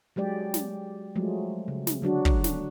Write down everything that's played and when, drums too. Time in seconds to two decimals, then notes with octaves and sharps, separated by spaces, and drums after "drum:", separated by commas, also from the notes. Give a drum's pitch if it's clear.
0.16 F#3 G#3 G4 D5
0.54 drum: snare
1.15 F3 F#3 G#3 A3
1.68 C#3
1.87 drum: snare
2.02 D3 F#3 D4 F#4
2.25 drum: kick
2.44 drum: snare